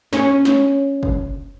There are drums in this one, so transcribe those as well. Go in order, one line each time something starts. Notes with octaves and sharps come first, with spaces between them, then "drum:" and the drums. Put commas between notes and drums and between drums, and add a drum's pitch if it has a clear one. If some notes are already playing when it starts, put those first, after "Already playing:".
C#4, drum: snare
drum: snare
drum: kick